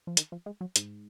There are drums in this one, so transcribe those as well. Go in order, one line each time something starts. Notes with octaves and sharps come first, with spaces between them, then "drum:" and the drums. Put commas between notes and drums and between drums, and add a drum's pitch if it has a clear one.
F3
D#3, drum: hi-hat
F3
G#3
F#3
G#2, drum: hi-hat